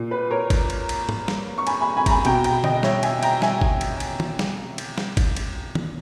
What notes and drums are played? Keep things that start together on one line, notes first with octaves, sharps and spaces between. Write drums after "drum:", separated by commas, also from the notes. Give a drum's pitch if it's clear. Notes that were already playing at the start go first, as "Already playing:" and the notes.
Already playing: A#2
B4
A#4 C#5
drum: kick G1, cymbal
drum: cymbal
drum: cymbal
drum: tom
drum: snare
C#6
G#5 B5, drum: cymbal
G#5 B5
G#5 B5
A#5, drum: kick G1, cymbal
G#5 B5
B2 G5 A#5, drum: cymbal
G5 A#5, drum: cymbal
D#5 G5, drum: tom D3
C#5 E5, drum: snare
E5 G#5, drum: cymbal
G5 A#5, drum: cymbal
E5 G#5, drum: snare
drum: kick G1
drum: cymbal
drum: cymbal
drum: tom
drum: snare
drum: cymbal
drum: snare
drum: kick G1, cymbal
drum: cymbal
drum: tom